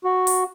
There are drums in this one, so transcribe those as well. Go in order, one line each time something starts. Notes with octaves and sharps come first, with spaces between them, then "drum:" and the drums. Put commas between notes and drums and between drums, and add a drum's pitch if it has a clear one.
F#4
drum: open hi-hat